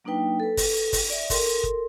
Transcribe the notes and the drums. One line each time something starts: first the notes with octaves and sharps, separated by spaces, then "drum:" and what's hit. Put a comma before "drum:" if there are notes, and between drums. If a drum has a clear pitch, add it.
F#3 A#3 D4 D#4 B4 G5
A4 B4
drum: kick, open hi-hat
drum: kick, open hi-hat
D5 E5
A4 A#4 C6, drum: kick, open hi-hat
drum: kick